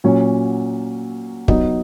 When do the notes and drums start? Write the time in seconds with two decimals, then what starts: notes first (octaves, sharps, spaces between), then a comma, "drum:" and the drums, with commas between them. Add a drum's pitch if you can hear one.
0.04 A#2 F#3 C#4
1.48 F#3 B3 D#4, drum: kick